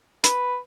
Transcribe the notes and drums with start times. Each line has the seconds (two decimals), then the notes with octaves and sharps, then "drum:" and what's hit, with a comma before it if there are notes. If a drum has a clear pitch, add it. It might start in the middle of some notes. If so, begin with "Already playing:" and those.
0.24 B4, drum: hi-hat